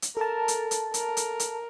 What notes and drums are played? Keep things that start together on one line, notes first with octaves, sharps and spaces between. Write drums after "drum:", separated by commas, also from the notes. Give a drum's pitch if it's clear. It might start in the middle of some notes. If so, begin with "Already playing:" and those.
drum: hi-hat
A4 A#4 A5
drum: hi-hat
drum: hi-hat
A#4, drum: hi-hat
drum: hi-hat
drum: hi-hat